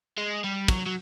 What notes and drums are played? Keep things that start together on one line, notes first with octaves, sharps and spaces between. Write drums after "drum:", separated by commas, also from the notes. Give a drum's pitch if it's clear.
G#3
G3
F#3, drum: kick, cymbal
F#3